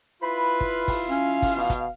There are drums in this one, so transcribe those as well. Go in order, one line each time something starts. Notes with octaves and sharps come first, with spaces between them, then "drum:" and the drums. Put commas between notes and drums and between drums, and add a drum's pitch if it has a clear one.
E4 F4 B4 B5
drum: kick
drum: kick, open hi-hat
C#4 F5
drum: kick, open hi-hat
B2
drum: kick, hi-hat